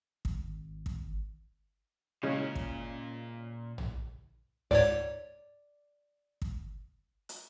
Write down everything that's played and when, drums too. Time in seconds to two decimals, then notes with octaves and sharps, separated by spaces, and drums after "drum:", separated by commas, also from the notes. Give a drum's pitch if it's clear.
0.25 G#1, drum: kick
0.86 drum: kick
2.23 A#2 C#3 E3 G#3 C#4
2.56 drum: kick
3.78 drum: tom A#1
4.71 C#2 G#2 C#5 D5
6.42 drum: kick
7.29 drum: hi-hat